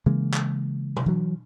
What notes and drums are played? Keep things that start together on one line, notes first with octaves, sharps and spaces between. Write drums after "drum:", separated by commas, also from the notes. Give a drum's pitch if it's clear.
C#3 E3 G#3 A#3
drum: clap
drum: tom B2
E3 F#3